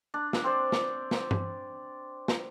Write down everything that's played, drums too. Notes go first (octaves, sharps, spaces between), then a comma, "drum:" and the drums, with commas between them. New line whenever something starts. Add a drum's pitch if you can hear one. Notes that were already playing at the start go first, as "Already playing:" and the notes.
D4
drum: snare
C4 C5 D5
drum: snare
drum: snare
drum: tom
drum: snare